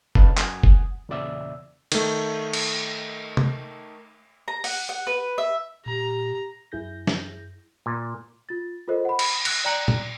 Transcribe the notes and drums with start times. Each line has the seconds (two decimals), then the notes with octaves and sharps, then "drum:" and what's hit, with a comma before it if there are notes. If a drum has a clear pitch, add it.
0.15 C#3 D#4 B4 F5 A5, drum: kick
0.37 F#2 F#5 G#5 D#6, drum: clap
0.64 drum: kick
1.09 E2 A#2 C#3 D5 E5 E6
1.92 D#3 A3, drum: cymbal
2.53 drum: cymbal
3.37 drum: tom C3
4.48 A#5
4.64 F#5, drum: open hi-hat
4.89 F#5
5.07 B4
5.38 E5
5.86 A#2 G4 A#5
6.72 F#2 E4 G#4 G6 A#6
7.07 drum: snare
7.86 A#2
8.49 F4 A6
8.88 F4 A4 A#4 C5 D#5
9.05 F#5 B5
9.19 drum: cymbal
9.45 E6 F#6 A#6, drum: cymbal
9.64 D5 G5 A#5 F#6 C#7 F#7
9.88 drum: tom